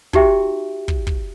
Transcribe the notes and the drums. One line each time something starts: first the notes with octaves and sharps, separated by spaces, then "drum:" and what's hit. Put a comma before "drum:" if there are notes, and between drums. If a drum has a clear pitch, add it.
D#4 F#4 G4 E5 G5, drum: kick
drum: kick
drum: kick